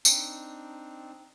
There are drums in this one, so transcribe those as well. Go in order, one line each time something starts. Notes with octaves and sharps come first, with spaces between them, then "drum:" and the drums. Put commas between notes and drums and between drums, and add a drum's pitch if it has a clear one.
C4 D4 D#4, drum: tambourine